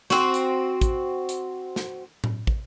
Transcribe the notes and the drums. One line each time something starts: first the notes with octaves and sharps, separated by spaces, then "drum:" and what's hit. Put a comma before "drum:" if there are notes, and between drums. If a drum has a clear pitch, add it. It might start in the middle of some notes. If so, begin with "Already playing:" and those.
C4 F#4, drum: snare
drum: hi-hat
drum: kick, hi-hat
drum: hi-hat
drum: snare
drum: tom A2
drum: kick